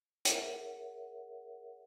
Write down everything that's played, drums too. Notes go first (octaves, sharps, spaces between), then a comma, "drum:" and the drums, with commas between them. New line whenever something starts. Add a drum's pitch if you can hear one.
G#4 A#4 C#5 E5 F#5, drum: hi-hat